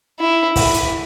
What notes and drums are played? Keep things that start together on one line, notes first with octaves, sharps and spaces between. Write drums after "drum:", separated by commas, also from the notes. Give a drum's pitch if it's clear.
E4
drum: kick, open hi-hat
drum: hi-hat